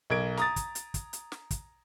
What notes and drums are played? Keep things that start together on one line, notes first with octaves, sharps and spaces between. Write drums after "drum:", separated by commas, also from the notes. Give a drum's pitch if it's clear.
B1 A#4 G#6 D7
A#5 D#6 A6, drum: snare
drum: kick, hi-hat
drum: hi-hat
drum: kick, hi-hat
drum: hi-hat
drum: snare
drum: kick, hi-hat